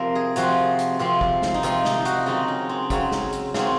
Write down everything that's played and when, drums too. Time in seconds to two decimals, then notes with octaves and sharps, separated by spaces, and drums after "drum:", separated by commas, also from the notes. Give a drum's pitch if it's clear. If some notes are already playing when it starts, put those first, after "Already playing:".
Already playing: C3 F3 C4 A#4 C5
0.15 G#4
0.36 C3 F3 C4 F#4, drum: hi-hat
0.79 drum: hi-hat
0.99 C3 F3 C4
1.21 drum: kick
1.42 drum: snare
1.54 D#4
1.63 C3 F3 C4 F4, drum: hi-hat
1.85 D#4, drum: snare
2.05 F#4, drum: hi-hat
2.26 C#3 F#3 C4 D#4
2.48 C#4
2.69 C4
2.90 C#3 F#3 C4, drum: kick, hi-hat
3.11 drum: snare
3.33 drum: hi-hat
3.54 C#3 F#3 C4, drum: snare